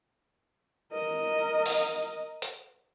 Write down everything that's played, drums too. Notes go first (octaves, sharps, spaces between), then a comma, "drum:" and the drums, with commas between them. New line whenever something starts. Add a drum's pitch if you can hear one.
A#4 D#5
drum: open hi-hat
drum: hi-hat